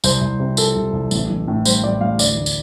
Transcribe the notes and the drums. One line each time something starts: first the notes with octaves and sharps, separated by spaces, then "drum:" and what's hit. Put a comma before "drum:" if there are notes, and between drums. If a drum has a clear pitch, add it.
C2 C5, drum: tambourine
C2
C3
F3 A4, drum: tambourine
C2
C2
A1, drum: tambourine
A1
A2
G3 C5, drum: tambourine
A1 D5
A1 F5
D2 D5, drum: tambourine
D2
drum: tambourine